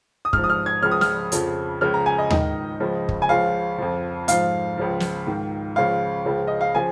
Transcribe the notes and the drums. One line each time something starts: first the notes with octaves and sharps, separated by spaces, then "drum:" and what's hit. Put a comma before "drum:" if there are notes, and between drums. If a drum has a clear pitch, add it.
D#6
G#2 F3 F6, drum: kick
D#6
F6
G#6
C#2 C#3 F3 F6
D#6
F6, drum: snare
F2 C#3 F3, drum: hi-hat
C#2 C#3 F3 F6
A#5
G#5
D#5
G#2 D#3 D#5, drum: tom D#2
C#2 C#3 F3
drum: kick
G#5
C#2 C#3 F3 F5
F2 F3
G#2 F3 F5, drum: hi-hat
C#2 C#3 F3
drum: snare
G#2 D#3
C#2 C#3 F3 F5
C#2 C#3 F3
D#5
F5
C#3 F3 G#5